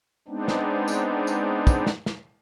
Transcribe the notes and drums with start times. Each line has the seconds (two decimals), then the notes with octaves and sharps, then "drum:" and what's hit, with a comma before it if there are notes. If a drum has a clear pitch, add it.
0.28 G#3 B3 C4 D4 D#4
0.48 drum: snare
0.88 drum: tambourine
1.27 drum: tambourine
1.67 drum: kick, tambourine
1.87 drum: snare
2.06 drum: snare